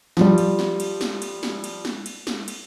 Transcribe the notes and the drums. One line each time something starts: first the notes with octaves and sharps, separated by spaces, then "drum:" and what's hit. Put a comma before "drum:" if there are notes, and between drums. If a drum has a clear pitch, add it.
F3 G3, drum: snare
drum: cymbal
drum: snare
drum: cymbal
drum: snare
drum: cymbal
drum: snare
drum: cymbal
drum: snare
drum: cymbal
drum: snare
drum: cymbal